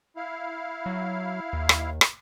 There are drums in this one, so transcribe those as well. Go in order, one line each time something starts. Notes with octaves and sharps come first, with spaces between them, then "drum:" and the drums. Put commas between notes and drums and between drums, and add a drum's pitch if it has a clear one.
E4 F5
F#3
D#2
drum: rim click
drum: rim click